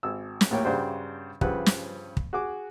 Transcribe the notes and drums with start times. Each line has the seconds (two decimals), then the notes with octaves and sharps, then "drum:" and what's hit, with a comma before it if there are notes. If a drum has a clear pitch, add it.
0.03 G#1 E6
0.41 drum: snare
0.50 A#1 D#2 A2 A#3 C#5 G5
0.64 G2 C#3 D4 F#4 C5 G5
1.41 G2 C#3 F3 B4 F#5, drum: kick
1.66 drum: snare
2.17 drum: kick
2.33 F#4 G#4 D6